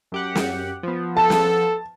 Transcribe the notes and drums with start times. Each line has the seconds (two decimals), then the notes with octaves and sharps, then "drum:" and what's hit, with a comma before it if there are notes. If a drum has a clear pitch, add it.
0.12 F#2 G4 F#5
0.35 drum: snare
0.83 F3 B3
1.17 A4 A5
1.30 drum: snare